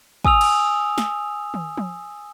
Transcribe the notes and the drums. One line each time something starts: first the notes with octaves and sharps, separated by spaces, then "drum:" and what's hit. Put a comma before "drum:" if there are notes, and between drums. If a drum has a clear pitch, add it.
G#5 D#6 E6 F7, drum: kick
drum: cymbal
drum: snare
drum: tom D#3
drum: tom F3